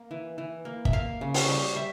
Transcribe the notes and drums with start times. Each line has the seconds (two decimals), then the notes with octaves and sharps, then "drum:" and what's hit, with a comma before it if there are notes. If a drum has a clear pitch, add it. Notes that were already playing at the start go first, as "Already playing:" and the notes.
Already playing: A#3
0.11 E3
0.38 E3
0.65 A#3
0.85 E5, drum: kick
0.93 A#3 F5
1.21 C#3
1.34 C#5, drum: open hi-hat
1.48 G3
1.76 G3 E5